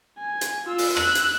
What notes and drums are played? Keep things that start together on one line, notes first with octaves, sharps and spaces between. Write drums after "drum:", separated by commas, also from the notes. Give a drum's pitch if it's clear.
G#5
drum: hi-hat
F4 E6
drum: open hi-hat
E6 F#6, drum: rim click
drum: hi-hat